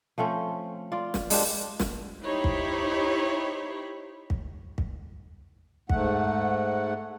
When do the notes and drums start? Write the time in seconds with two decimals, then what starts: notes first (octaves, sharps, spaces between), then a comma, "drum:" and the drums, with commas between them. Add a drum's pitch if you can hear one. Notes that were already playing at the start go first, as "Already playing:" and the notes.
0.18 F3 A3 C4 C#4
0.92 F4 D5
1.14 drum: snare
1.30 G#3 D4 F4 G4, drum: open hi-hat
1.80 drum: snare
2.23 D#4 E4 G4 C5 C#5 B5
2.44 drum: kick
4.30 drum: kick
4.78 drum: kick
5.90 G#2 A3 F#5, drum: kick